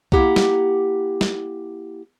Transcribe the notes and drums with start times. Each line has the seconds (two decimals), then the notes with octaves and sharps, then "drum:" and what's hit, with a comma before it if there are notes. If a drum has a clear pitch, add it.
0.12 A#3 C4 E4 G4 F#5 A#5, drum: kick C2
0.36 drum: snare
1.21 drum: snare